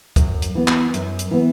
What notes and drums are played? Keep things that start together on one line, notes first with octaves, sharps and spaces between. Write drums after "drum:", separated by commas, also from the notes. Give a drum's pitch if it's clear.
F#2, drum: kick, hi-hat
drum: hi-hat
E3 B3
drum: clap
F#2, drum: hi-hat
drum: hi-hat
E3 B3